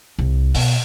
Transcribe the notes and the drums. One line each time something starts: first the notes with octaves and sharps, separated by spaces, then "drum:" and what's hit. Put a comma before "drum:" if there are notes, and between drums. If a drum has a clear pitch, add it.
C2
B2, drum: open hi-hat